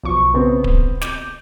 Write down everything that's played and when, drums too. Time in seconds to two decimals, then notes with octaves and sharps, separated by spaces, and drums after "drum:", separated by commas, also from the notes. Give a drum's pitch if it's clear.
0.03 B1 F3 C#6
0.34 C#3 B3 C4
0.64 drum: kick D1
1.01 D6 G6, drum: snare